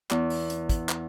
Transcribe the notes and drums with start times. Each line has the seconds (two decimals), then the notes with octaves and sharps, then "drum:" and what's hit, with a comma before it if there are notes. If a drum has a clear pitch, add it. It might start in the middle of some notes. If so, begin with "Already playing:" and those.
0.11 E2, drum: clap
0.30 drum: open hi-hat
0.50 drum: hi-hat
0.69 drum: kick, hi-hat
0.89 drum: clap